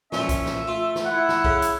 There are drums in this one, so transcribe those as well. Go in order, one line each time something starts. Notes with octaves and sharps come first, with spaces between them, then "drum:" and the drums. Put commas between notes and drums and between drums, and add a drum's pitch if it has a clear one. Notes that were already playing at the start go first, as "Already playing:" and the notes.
A#2 F3 C#4 E5, drum: snare
drum: kick B1, hi-hat
drum: snare
A3 F4
drum: snare
E4 F#5
drum: snare
C#3, drum: kick B1
drum: hi-hat